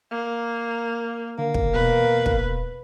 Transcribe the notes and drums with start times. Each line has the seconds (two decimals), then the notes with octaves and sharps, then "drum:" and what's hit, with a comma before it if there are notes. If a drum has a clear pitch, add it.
0.11 A#3
1.38 D3 A#3
1.54 drum: kick
1.74 E2 B2 B4
2.26 drum: kick